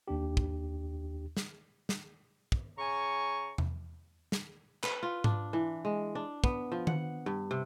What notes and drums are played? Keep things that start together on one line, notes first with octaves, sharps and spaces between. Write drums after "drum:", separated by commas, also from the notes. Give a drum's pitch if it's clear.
D#2 D4 G4
drum: kick
drum: snare
drum: snare
drum: kick
C#3 G#5 A#5 C#6
drum: tom E2
drum: snare
B4, drum: clap
F4
D4, drum: tom G#2
E3
G#3
D4
B3, drum: kick
F3
F#5, drum: tom D#3
G2
C3